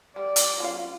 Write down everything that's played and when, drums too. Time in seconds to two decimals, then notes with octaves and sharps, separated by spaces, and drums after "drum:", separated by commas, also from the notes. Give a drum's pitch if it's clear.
0.16 G3 D5
0.36 drum: hi-hat
0.60 F#3 C#4 F4 F5